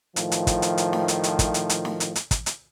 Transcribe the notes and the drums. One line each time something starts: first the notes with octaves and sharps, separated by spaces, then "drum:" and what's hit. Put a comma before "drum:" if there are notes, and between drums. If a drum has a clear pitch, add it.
A2 D#3 F3, drum: hi-hat
drum: hi-hat
drum: kick, hi-hat
drum: hi-hat
drum: hi-hat
drum: snare
drum: hi-hat
drum: hi-hat
drum: kick, hi-hat
drum: hi-hat
drum: hi-hat
drum: snare
drum: hi-hat
drum: hi-hat
drum: kick, hi-hat
drum: hi-hat